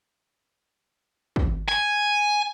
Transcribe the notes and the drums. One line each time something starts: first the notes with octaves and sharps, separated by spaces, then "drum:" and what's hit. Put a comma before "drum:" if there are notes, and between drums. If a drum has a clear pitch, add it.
drum: kick
G#5